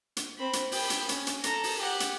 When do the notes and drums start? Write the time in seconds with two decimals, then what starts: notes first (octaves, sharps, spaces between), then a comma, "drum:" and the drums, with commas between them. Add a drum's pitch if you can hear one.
0.17 drum: hi-hat
0.38 C4 B5
0.53 drum: hi-hat
0.72 G5 B5, drum: open hi-hat
0.90 drum: hi-hat
1.09 C#4, drum: hi-hat
1.27 drum: hi-hat
1.44 A4 A#5, drum: hi-hat
1.63 drum: open hi-hat
1.79 G4 F#5
2.00 drum: hi-hat